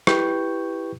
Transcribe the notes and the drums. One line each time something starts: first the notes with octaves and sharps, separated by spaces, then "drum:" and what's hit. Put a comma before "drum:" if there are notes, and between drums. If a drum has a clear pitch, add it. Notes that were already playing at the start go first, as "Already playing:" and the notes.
E4 G4 B4 G5 C#6 G6, drum: rim click